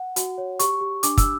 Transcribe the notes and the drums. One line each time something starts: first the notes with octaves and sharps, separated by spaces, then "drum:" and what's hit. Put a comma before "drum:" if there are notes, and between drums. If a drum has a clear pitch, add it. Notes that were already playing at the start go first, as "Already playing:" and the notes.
Already playing: F#5
F#4, drum: hi-hat
C#5
G4 C#6, drum: hi-hat
G4
D4 D6, drum: hi-hat
E6, drum: kick, hi-hat